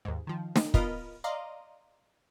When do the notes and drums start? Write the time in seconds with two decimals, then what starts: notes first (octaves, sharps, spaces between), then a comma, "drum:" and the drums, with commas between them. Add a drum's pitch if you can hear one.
0.05 D#2 G#2
0.27 D#3 F3
0.56 drum: snare
0.74 B3 F4 A#4 D#5 B5 F6, drum: kick
1.24 D5 D#5 F5 A#5 C6